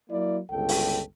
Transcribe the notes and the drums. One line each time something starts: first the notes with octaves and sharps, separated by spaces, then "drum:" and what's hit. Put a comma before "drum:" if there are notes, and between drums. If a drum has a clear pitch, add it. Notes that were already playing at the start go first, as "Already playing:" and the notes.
F#3 A#3 E4 D5
G1 C#2 A4 G5
drum: open hi-hat